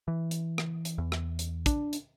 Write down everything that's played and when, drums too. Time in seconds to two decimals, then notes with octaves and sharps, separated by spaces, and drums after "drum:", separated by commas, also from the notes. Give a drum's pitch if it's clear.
0.08 E3
0.31 drum: hi-hat
0.58 drum: rim click
0.85 drum: hi-hat
0.98 E2
1.12 drum: rim click
1.39 drum: hi-hat
1.66 D4, drum: kick, hi-hat
1.93 drum: hi-hat